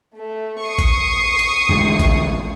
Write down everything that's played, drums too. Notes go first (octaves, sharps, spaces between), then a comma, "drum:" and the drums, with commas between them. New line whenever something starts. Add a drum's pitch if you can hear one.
A3
C#6 D#6 C7
drum: kick, hi-hat
drum: hi-hat
A1 D3 G#3, drum: tom F2
drum: kick, hi-hat